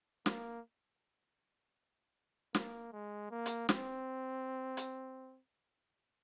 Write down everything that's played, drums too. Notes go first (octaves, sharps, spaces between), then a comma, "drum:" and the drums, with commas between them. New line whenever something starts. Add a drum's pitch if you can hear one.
A#3, drum: snare
A#3, drum: snare
G#3
A#3
drum: hi-hat
C4, drum: snare
drum: hi-hat